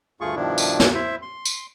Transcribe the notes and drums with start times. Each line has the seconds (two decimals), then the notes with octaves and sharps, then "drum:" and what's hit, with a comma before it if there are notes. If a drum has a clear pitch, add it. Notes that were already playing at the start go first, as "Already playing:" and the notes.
0.21 D2 G2 A3 F4 G#4 C#6
0.36 G2 B2 D#3 F3 D4 E4
0.58 drum: tambourine
0.80 drum: snare
0.95 E4 C5 E5
1.22 C6
1.45 drum: tambourine